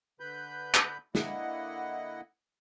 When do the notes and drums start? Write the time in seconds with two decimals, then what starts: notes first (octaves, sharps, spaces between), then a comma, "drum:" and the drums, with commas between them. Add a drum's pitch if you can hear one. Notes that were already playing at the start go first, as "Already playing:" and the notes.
0.20 D3 B4 B5 G6
0.74 drum: clap
1.15 D3 A#3 E4 D#5 F#5, drum: snare